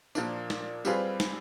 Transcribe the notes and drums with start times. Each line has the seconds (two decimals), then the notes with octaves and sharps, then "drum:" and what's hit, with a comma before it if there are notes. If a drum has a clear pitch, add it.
0.15 A#2 F3 A#3 D4, drum: tambourine
0.50 drum: snare
0.85 G3 C4 F4 G#4 B4, drum: tambourine
1.20 drum: snare